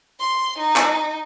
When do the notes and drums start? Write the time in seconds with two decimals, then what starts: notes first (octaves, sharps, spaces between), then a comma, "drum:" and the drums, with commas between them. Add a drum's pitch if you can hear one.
0.20 C6
0.59 D#4
0.76 drum: clap